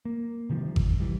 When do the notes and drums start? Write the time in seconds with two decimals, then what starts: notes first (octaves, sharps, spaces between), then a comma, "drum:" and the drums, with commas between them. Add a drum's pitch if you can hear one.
0.05 A#3
0.49 C3 D#3 F3 G3
0.76 F2, drum: kick G#1
1.00 C2 E3 G3